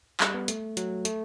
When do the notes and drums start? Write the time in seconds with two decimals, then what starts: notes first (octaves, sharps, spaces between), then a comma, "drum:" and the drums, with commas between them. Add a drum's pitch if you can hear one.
0.20 G3, drum: clap
0.34 B3
0.48 A3, drum: hi-hat
0.77 F#3, drum: hi-hat
1.05 A3, drum: hi-hat